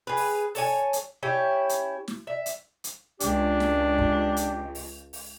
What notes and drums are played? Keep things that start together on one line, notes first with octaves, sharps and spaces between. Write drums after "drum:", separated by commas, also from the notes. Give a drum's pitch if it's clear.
G#4 B4
drum: open hi-hat
A4 C#5 G#5, drum: open hi-hat
drum: hi-hat
C#4 E4 G4
drum: hi-hat
drum: snare
E5
drum: hi-hat
drum: hi-hat
C#2 D4 G4, drum: hi-hat
drum: snare
drum: kick
drum: hi-hat
drum: open hi-hat
drum: open hi-hat